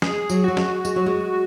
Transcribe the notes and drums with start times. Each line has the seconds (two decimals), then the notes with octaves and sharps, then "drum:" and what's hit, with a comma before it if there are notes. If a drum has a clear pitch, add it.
0.02 G#3 G#4, drum: snare
0.30 F#3, drum: tambourine
0.44 F#3 F#4
0.57 G#3, drum: snare
0.85 G#3, drum: tambourine
0.96 F#3
1.06 G#3